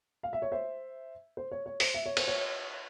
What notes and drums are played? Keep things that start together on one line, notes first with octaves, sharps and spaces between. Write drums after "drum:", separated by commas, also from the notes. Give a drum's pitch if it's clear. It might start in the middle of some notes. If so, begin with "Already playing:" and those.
F5
E5
C#5
C5 E5
C5
C#5
C#5
C5, drum: open hi-hat
E5
C#5
C5, drum: cymbal
C#5